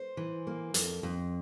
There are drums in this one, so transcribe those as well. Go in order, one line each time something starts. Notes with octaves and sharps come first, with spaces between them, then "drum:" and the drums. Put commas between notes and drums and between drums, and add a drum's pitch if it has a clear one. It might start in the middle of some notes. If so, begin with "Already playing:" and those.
Already playing: C5
E3
A#3
F2, drum: hi-hat
F2